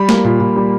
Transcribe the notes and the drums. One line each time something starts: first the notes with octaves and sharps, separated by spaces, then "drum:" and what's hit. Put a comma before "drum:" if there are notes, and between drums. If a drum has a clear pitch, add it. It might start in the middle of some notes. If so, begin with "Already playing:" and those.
Already playing: G3 B5
A#3, drum: snare
A#2
A#2
G3